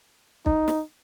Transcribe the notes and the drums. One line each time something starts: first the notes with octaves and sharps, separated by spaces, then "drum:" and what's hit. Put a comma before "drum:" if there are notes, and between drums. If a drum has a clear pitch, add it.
D#4, drum: kick
drum: snare